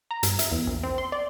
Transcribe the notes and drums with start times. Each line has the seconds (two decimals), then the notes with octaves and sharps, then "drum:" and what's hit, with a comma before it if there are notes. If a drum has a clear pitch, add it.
0.11 A#5
0.23 G2, drum: hi-hat
0.39 E5, drum: hi-hat
0.51 E2
0.67 A#1
0.83 C4
0.98 C6
1.12 D5